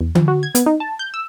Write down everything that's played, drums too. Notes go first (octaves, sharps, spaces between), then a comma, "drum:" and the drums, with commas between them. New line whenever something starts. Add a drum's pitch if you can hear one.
E2
F3, drum: tom D3
F#4
G#6
B3, drum: hi-hat
D#4
A5
G6
E6